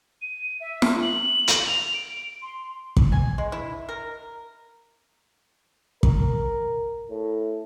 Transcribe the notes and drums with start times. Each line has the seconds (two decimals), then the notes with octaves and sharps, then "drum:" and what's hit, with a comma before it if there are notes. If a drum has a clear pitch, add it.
0.21 D#7
0.60 E5
0.82 drum: snare
1.02 F#7
1.48 drum: hi-hat
1.66 F7
1.94 D7
2.42 C6
2.97 drum: kick
3.12 G#5
3.38 G#3
3.52 E4
3.89 A#4
6.03 A#4, drum: kick
7.10 A2